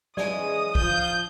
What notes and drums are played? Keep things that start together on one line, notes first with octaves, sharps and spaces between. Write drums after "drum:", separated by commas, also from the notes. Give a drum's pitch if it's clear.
C#3 E3 G#3 D5 G#5 D#6, drum: snare
F3 F4 G6, drum: kick